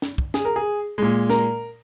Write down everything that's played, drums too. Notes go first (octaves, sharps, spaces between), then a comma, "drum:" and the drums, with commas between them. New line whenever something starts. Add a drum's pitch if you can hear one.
drum: snare
drum: kick
G#4, drum: snare
A#4
G#4
A#2 G#3
A#4, drum: snare